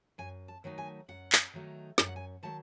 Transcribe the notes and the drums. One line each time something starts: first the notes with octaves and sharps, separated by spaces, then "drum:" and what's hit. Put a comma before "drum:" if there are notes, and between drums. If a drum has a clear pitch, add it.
F#2 G#5
A5
D#3 F#3 A3 D#4
G#5
F#2 F#5
drum: clap
D#3 F#3 A3 D#4
F#2 G#5, drum: snare
F#5
G#5
D#3 F#3 A3 A5